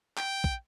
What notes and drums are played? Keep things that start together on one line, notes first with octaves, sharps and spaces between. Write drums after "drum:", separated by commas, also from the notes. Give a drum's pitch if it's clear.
G5, drum: clap
drum: kick